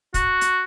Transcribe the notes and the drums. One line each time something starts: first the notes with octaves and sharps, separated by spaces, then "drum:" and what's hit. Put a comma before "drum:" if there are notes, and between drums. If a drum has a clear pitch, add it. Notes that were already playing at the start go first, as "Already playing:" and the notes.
F#4, drum: kick, hi-hat
drum: hi-hat